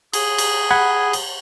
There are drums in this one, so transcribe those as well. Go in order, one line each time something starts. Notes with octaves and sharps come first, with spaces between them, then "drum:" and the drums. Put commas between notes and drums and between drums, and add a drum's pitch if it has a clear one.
G#4, drum: cymbal
drum: cymbal
F#5 B5 G#6
drum: cymbal